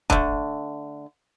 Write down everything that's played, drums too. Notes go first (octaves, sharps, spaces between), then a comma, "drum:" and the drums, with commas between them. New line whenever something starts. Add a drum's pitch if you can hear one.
D3 A3, drum: kick